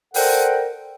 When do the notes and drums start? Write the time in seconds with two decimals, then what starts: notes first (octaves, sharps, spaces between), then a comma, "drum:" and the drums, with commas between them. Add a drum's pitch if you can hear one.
0.14 A4 A#4 C5 D5 F#5 G5, drum: open hi-hat